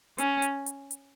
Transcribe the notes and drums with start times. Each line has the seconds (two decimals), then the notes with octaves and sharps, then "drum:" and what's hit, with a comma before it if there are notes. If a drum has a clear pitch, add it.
0.18 C#4, drum: hi-hat
0.42 drum: hi-hat
0.66 drum: hi-hat
0.91 drum: hi-hat